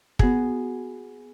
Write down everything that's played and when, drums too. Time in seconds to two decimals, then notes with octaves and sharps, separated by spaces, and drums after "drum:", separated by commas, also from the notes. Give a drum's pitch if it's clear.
0.19 B3 F#4 G#4, drum: kick